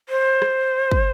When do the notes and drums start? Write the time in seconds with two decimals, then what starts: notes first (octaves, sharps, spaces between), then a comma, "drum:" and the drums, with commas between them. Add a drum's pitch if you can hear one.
0.09 C5
0.42 drum: rim click
0.91 drum: kick